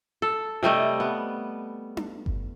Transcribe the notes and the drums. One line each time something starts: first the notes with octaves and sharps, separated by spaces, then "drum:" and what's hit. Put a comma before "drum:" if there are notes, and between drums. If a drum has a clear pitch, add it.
A4
C3 G3 A3 D#5
B3
drum: tom D4
drum: kick G1